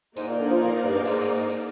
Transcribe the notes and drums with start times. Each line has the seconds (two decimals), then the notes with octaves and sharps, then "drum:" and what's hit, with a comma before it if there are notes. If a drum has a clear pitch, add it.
0.17 G#2 A#3 D#4 A#4 D5, drum: tambourine
0.28 A#2
0.39 D3
0.50 F3
0.61 A#2
0.83 G2
0.94 G#2
1.06 G#2, drum: tambourine
1.20 drum: tambourine
1.35 drum: tambourine
1.50 drum: tambourine